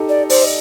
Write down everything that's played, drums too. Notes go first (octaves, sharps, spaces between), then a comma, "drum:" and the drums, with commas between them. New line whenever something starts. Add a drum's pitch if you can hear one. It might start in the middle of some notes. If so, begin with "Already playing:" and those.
Already playing: D#4 G4 A4
D5
C5 D5, drum: open hi-hat
D#5